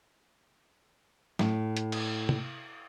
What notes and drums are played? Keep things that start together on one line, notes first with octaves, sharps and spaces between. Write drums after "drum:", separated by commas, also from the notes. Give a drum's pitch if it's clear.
A2, drum: snare
drum: hi-hat
drum: cymbal
drum: tom